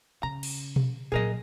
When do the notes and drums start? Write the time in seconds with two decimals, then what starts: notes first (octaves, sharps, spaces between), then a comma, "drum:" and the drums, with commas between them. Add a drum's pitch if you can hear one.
0.23 C#3 A#5
0.43 drum: cymbal
0.76 drum: tom B2
1.12 A#2 F#3 G#4 A#4 D#5